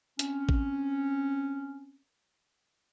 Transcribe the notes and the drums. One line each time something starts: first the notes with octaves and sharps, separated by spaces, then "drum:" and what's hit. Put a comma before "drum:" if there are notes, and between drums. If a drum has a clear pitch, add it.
C4 C#4, drum: hi-hat
drum: kick A1